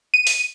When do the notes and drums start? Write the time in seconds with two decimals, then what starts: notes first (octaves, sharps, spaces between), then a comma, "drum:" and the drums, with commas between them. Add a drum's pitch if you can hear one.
0.14 D#7
0.27 drum: open hi-hat